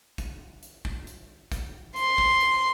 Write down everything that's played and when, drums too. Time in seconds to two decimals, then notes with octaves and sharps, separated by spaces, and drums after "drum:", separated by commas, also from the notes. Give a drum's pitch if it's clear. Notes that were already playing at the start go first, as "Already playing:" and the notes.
0.18 drum: kick, hi-hat
0.63 drum: hi-hat
0.85 drum: kick
1.07 drum: hi-hat
1.52 drum: kick, hi-hat
1.96 C6, drum: hi-hat
2.18 drum: kick
2.40 drum: hi-hat